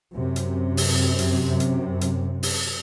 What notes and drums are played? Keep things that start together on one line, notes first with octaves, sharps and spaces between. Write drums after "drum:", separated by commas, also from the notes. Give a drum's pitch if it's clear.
F#2 C3
drum: hi-hat
drum: open hi-hat
drum: hi-hat
drum: hi-hat
drum: hi-hat
drum: open hi-hat